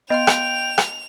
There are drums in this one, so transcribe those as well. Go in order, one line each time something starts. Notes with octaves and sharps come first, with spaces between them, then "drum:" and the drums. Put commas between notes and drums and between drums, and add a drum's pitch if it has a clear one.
B3 D#5 F5 G5 C6 F7
drum: rim click
drum: rim click